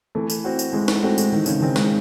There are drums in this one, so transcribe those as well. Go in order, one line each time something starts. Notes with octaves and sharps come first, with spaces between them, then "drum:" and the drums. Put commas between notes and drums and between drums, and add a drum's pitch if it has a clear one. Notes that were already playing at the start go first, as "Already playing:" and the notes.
E3 A3
drum: tambourine
C4 F#4
drum: tambourine
E3 G#3
drum: snare
A3 C4 F#4
G#3, drum: tambourine
D#3 E3
C#3, drum: tambourine
D#3 G#3 C4
G#3, drum: snare